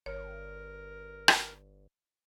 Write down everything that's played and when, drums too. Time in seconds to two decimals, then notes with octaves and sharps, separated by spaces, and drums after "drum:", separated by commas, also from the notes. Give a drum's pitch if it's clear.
0.06 G1 A#4 C#5
1.28 drum: rim click